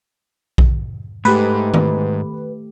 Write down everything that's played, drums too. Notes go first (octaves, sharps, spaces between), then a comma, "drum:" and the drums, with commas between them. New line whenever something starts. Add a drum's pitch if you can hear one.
drum: kick A#1
G#2 A3 G4 B4
drum: tom D#3